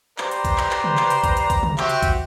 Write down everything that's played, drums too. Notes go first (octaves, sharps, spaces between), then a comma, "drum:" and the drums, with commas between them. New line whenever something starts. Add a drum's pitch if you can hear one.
G4 B4 C5 D5 A#5 C6, drum: clap
drum: hi-hat
drum: kick A#1, hi-hat
drum: clap
drum: clap
drum: tom
drum: clap
drum: hi-hat
drum: kick A#1, hi-hat
drum: hi-hat
drum: kick A#1, hi-hat
drum: tom
F#4 G4 C5 E5, drum: clap
drum: hi-hat
drum: kick A#1, hi-hat